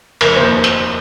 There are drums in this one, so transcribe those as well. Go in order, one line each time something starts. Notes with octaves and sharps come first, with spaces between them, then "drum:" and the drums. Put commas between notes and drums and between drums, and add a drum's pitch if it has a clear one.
F1 A#4, drum: cymbal
D#2 C5
drum: hi-hat